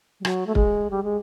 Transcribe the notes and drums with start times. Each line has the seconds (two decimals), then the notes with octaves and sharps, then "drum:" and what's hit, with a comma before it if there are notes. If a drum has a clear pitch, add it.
0.20 G3
0.25 F#3, drum: rim click
0.47 A3
0.55 G#3, drum: kick
0.91 G3
1.04 G#3